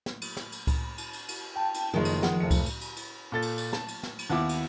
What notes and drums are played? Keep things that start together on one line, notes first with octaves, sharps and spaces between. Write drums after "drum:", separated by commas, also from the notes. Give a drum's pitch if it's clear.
drum: snare
drum: cymbal
drum: snare
drum: cymbal
drum: kick C#2, cymbal
drum: cymbal
drum: cymbal
drum: cymbal
G5 A5
drum: cymbal
F#1 D#3 F3 G#3
drum: cymbal
F3 F#5, drum: snare
F1 C#7
drum: kick C#2, cymbal
drum: cymbal
drum: cymbal
drum: cymbal
A#2 A4 A6
drum: cymbal
drum: cymbal
A5, drum: snare
drum: cymbal
drum: snare
drum: cymbal
D#2 B3 E4 D6
drum: cymbal